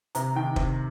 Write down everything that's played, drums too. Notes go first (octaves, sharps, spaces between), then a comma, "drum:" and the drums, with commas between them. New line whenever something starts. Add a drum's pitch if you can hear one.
C3 A#5, drum: hi-hat
D#3 G5
C3, drum: kick